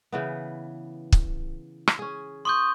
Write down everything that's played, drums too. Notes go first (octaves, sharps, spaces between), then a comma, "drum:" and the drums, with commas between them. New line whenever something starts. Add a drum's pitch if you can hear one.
C#3 E3 B3
drum: kick
drum: rim click
C#4 G#4
C6 C#6 D#6 G6